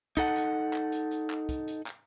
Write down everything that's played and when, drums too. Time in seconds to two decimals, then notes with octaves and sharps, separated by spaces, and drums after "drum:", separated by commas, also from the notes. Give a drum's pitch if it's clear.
0.17 D#4 A4 F#5, drum: kick, hi-hat
0.36 drum: hi-hat
0.73 drum: clap
0.92 drum: hi-hat
1.11 drum: hi-hat
1.30 drum: clap
1.49 drum: kick, hi-hat
1.68 drum: hi-hat
1.87 drum: clap